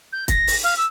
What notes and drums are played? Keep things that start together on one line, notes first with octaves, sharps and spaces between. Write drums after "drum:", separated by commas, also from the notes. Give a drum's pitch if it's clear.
G6
A#6, drum: kick, hi-hat
drum: open hi-hat
F5
E6